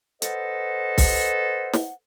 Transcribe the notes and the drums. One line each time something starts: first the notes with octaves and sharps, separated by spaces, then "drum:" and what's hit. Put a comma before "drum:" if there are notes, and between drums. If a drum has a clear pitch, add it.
A4 B4 C5 D#5 F#5, drum: hi-hat
drum: kick B1, open hi-hat
drum: snare